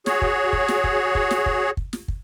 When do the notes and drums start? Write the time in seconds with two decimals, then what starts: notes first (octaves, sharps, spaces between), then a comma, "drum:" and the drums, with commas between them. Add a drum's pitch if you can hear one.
0.06 F#4 G#4 C#5, drum: snare
0.22 drum: kick
0.53 drum: kick
0.68 drum: snare
0.84 drum: kick
1.15 drum: kick
1.31 drum: snare
1.46 drum: kick
1.77 drum: kick
1.93 drum: snare
2.08 drum: kick